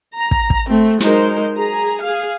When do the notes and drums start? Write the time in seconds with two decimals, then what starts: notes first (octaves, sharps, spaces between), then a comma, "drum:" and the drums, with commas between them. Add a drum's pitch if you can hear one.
0.17 A#5
0.31 drum: kick
0.50 drum: kick
0.69 A3 C4
1.00 F#3 G#3 D#4 A#4 C5, drum: snare
1.55 G#4 A#5
2.01 G#4 F5